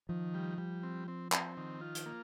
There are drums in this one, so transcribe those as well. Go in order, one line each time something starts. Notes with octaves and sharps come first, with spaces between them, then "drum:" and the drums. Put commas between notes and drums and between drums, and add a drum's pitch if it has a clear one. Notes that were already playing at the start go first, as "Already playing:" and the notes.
D#3 F3
G3
G3
C4
C4
C4, drum: clap
D#3
F4
drum: hi-hat
A#3